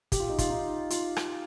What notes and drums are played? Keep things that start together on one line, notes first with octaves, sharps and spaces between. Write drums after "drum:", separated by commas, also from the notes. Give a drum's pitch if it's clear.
G4, drum: kick, hi-hat
F4
D#4
F4, drum: kick, hi-hat
D#4
F4, drum: hi-hat
drum: rim click